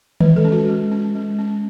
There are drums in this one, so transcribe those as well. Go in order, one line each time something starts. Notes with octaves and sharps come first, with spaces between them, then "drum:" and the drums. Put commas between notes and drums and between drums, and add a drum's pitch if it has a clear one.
G#3 B4, drum: tom D#3
A4
C#4
F#4
G#3
C#4
G#3
C#4